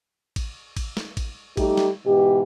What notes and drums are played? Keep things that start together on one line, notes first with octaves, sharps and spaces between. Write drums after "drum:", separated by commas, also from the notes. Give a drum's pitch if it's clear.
drum: kick A1, cymbal
drum: kick A1, cymbal
drum: snare
drum: kick A1, cymbal
G3 A3 D#4 G4, drum: kick A1, cymbal
drum: snare
G#2 B2 E3 G4